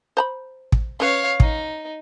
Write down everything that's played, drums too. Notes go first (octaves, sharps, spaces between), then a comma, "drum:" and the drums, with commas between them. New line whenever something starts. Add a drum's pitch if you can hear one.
C5 A#5 B5
drum: kick
C#4 B4 C#5 F5
D#4, drum: kick